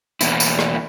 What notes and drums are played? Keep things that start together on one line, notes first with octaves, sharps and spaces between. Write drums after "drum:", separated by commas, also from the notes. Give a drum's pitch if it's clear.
E2 B2 A#3 E4, drum: tambourine
drum: tambourine
drum: rim click